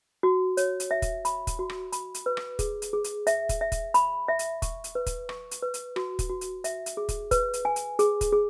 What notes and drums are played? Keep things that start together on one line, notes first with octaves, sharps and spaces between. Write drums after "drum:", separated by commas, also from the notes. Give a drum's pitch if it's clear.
F#4
C#5, drum: hi-hat
drum: hi-hat
E5
drum: kick, hi-hat
B5, drum: hi-hat
drum: kick, hi-hat
F#4
drum: rim click
B5, drum: hi-hat
drum: hi-hat
B4
drum: rim click
G#4, drum: kick, hi-hat
drum: hi-hat
G#4
drum: hi-hat
E5, drum: hi-hat
drum: kick, hi-hat
E5
drum: kick, hi-hat
B5, drum: hi-hat
E5
drum: hi-hat
C#6, drum: kick, hi-hat
drum: hi-hat
B4
drum: kick, hi-hat
C#6, drum: rim click
drum: hi-hat
B4
drum: hi-hat
F#4, drum: rim click
drum: kick, hi-hat
F#4
drum: hi-hat
E5, drum: hi-hat
drum: hi-hat
G#4
drum: kick, hi-hat
B4, drum: kick, hi-hat
drum: hi-hat
G#5
drum: hi-hat
G#4, drum: hi-hat
drum: kick, hi-hat
G#4